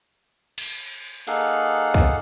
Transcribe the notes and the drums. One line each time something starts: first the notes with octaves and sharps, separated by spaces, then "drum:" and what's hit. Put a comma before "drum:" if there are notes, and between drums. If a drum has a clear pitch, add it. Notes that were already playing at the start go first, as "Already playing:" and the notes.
drum: cymbal
A#3 D#4 G#4 A4 F5 F#5, drum: hi-hat
drum: kick